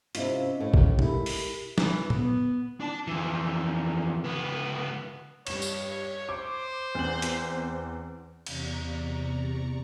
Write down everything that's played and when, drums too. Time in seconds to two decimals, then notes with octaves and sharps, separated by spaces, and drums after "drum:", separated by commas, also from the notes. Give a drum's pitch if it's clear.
0.15 C3 C#4 E4 F4 D#5 F5, drum: hi-hat
0.60 A2
0.74 drum: kick A1
0.99 G#3 E4 G4 A#4 B5, drum: tom
1.26 drum: open hi-hat
1.78 E3, drum: snare
2.10 B3, drum: tom A#2
2.81 D4 A5
3.07 F2 E3
4.24 C#2 B3
5.47 G2 C#5 E7, drum: cymbal
5.62 drum: tambourine
6.29 C5 D6
6.95 E2 C4 F#7
7.22 drum: hi-hat
8.46 E2 C3 D5 A#5 C#6, drum: cymbal